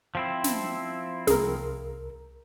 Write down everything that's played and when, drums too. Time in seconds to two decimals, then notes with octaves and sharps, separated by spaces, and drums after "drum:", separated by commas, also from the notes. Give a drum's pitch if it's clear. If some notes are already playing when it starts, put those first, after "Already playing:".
0.15 F3 C4 E4
0.44 drum: snare
1.27 C2 G#4 A#4, drum: snare